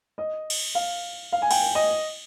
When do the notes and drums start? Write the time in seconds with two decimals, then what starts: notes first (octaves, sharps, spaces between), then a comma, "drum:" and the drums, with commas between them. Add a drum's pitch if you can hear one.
0.18 D#5
0.50 drum: cymbal
0.75 F5
1.32 F5
1.42 G#5
1.51 G5, drum: cymbal
1.75 D#5